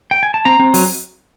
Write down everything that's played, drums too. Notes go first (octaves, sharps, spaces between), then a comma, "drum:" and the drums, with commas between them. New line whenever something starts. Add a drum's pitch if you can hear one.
G5
G#5
A5
C4 A#5
C4
F#3, drum: open hi-hat